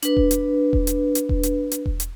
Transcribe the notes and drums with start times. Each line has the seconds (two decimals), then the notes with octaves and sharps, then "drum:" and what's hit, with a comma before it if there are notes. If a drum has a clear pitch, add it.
0.03 D4 B4, drum: hi-hat
0.17 drum: kick E1
0.31 drum: hi-hat
0.73 drum: kick E1
0.87 drum: hi-hat
1.15 drum: hi-hat
1.29 drum: kick E1
1.43 drum: hi-hat
1.72 drum: hi-hat
1.86 drum: kick E1
2.00 drum: hi-hat